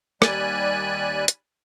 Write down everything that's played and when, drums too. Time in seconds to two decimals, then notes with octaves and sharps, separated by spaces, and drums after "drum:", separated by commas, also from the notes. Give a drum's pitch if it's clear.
0.22 D#2 G3 D5 G#5 B5 F#6, drum: rim click
1.28 drum: hi-hat